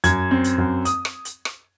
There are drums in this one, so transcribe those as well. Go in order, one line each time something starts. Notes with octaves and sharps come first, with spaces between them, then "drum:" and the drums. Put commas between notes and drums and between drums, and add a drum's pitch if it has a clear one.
F#2 G#6, drum: hi-hat
C4
drum: hi-hat
F#2
D#6, drum: hi-hat
drum: rim click
drum: hi-hat
drum: rim click